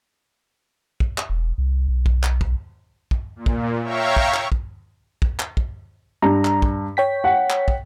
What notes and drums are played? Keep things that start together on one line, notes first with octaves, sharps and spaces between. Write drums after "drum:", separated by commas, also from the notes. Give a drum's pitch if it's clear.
drum: kick
drum: clap
E1
C2
B1
drum: kick
drum: clap
drum: kick
drum: kick
A#2
drum: kick
C#5 E5 F5 G5 A#5 C#6
drum: kick
drum: clap
drum: kick
drum: kick
drum: clap
drum: kick
G2 A#5
drum: clap
drum: kick
C#5 G5 B6
F#5
drum: clap
drum: kick